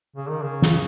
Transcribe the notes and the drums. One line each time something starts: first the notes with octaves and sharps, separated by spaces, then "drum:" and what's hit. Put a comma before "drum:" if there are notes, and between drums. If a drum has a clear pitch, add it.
C#3
D#3
C#3
drum: snare